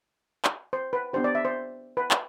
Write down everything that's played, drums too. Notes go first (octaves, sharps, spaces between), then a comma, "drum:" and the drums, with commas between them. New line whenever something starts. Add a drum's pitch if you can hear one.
drum: clap
C5
B4
B3 D4 G4 C5
D5
E5
C5
B4
drum: clap